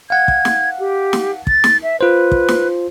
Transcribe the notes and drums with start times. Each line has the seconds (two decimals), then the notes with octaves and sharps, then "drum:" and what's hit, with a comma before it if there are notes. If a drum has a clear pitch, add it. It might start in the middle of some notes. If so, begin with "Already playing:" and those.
0.10 F5 F#5 G#6
0.28 drum: kick
0.45 drum: snare
0.79 G4
1.13 drum: snare
1.47 A6, drum: kick
1.64 drum: snare
1.83 E5
2.01 F4 B4 C5
2.32 drum: kick
2.48 drum: snare